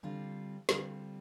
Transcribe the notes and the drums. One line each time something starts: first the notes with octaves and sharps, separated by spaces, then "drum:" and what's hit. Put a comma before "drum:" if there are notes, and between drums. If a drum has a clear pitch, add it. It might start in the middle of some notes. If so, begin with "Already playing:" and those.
D3 G3 C4 F4
D3 G3 C4 F4, drum: snare